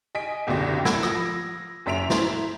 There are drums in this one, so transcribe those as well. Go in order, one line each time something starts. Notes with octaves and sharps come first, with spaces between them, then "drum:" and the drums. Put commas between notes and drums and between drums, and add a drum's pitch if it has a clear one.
D#5 G#5 B6 D7
F#1 C2 B2 D3 G4 A#6
F#5 B5 E6 G#6 D7, drum: snare
F3 A#6, drum: rim click
F#1 F#2 E5 B6 D7 F7
E4 C5 A#5, drum: snare